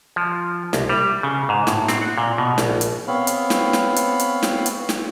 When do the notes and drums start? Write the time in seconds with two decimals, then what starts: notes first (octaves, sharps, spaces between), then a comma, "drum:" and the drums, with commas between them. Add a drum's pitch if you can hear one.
0.16 F3
0.73 C2, drum: snare
0.90 G3
1.23 C#3
1.49 G#2
1.67 A2, drum: snare
1.88 C4, drum: snare
2.01 F#5
2.18 A#2
2.38 B2
2.58 A#1, drum: snare
2.81 drum: hi-hat
3.08 B3 C4 C#5 F5 B5
3.27 drum: hi-hat
3.50 drum: snare
3.73 drum: snare
3.96 drum: hi-hat
4.19 drum: hi-hat
4.43 drum: snare
4.66 drum: hi-hat
4.89 drum: snare